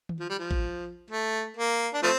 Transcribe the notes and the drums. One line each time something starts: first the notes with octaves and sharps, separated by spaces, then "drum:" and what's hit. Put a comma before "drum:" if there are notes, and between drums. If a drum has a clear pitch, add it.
drum: tom D#3
F3
G3
F3
drum: kick A1
A3
A#3
D4
F3 A3 C4